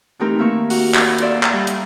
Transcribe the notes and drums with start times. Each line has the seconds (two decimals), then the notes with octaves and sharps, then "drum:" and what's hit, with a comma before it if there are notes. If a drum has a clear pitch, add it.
0.19 E3 A3 C4 D#4 G4 A#4
0.39 D#3 A#3 E5 C#6
0.70 F#4, drum: open hi-hat
0.94 drum: clap
1.18 F4 A4 C5 D5 E5, drum: hi-hat
1.43 drum: clap
1.53 G3 G5
1.67 drum: hi-hat